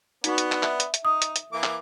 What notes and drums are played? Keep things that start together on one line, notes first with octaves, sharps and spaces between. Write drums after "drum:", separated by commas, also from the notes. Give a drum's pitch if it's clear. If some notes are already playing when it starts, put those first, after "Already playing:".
B3 D4 D#4 F#4 C#6, drum: hi-hat
drum: hi-hat
drum: clap
E5, drum: clap
drum: hi-hat
drum: hi-hat
D#4 D#6
drum: hi-hat
drum: hi-hat
E3 A#3 D6
drum: clap